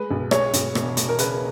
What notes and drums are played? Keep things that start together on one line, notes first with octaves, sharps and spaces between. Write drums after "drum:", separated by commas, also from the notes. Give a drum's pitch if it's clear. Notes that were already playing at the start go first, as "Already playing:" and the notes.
Already playing: G#3 B4
B1
G#3 C#5, drum: rim click
B1, drum: hi-hat
E1, drum: rim click
E1, drum: hi-hat
A#4
C#3 B4, drum: hi-hat